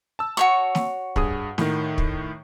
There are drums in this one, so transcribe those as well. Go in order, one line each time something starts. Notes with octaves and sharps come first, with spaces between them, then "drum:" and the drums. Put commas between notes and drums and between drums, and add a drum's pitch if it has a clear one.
A5 E6
F#4 C#5 C#6
drum: snare
G2 G#4 D#6, drum: kick
A2 D#3, drum: snare
drum: kick